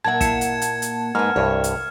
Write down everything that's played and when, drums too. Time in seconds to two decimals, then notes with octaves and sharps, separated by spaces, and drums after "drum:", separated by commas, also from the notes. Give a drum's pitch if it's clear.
0.05 A#2 A#3 E5 F#5 A5 G#6
0.21 E4 F5 C#7 E7, drum: kick, hi-hat
0.41 drum: hi-hat
0.62 drum: hi-hat
0.82 drum: hi-hat
1.15 G#2 A#3 B4 F6
1.36 C2 G2 C#5
1.64 drum: hi-hat